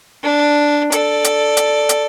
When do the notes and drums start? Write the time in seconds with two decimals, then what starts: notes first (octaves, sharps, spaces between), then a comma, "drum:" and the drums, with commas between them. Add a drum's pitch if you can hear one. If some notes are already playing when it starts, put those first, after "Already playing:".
0.23 D4
0.92 A4 D5, drum: hi-hat
1.24 drum: hi-hat
1.57 drum: hi-hat
1.89 drum: hi-hat